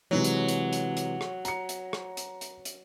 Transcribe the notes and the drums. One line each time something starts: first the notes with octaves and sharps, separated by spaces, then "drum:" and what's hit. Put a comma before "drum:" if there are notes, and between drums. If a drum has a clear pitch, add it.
C3 E3 F#3 G#3
drum: hi-hat
drum: hi-hat
drum: hi-hat
drum: hi-hat
drum: rim click
A#5 C#7, drum: hi-hat
drum: hi-hat
drum: rim click
drum: hi-hat
drum: hi-hat
drum: hi-hat